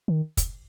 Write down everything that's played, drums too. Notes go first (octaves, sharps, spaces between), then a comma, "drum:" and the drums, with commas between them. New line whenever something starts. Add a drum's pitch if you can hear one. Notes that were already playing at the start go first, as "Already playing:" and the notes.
D#3
drum: kick, hi-hat